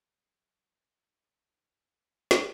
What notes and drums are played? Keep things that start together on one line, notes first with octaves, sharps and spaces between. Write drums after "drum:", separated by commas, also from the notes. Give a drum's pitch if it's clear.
A1 F#3 G3
A2 C6 A6
D#4
B1
drum: snare